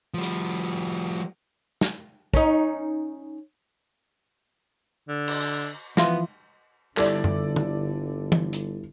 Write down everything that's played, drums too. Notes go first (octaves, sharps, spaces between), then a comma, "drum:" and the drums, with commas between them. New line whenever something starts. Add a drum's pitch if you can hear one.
F3 G3
drum: hi-hat
drum: snare
C#4 D#4, drum: kick
D3
drum: cymbal
E3 F3 B3 E5 F5 C6, drum: snare
G1 D3 G3 E4 A4 D5, drum: clap
drum: tom F#2
drum: tom
drum: tom
drum: hi-hat